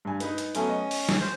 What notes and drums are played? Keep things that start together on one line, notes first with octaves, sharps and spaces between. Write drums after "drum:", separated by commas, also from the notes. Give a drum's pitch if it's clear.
G2 G#5
D#4 B4, drum: hi-hat
drum: hi-hat
F#3 A3 B3 C#4, drum: hi-hat
D#5
drum: open hi-hat
drum: snare G3
C5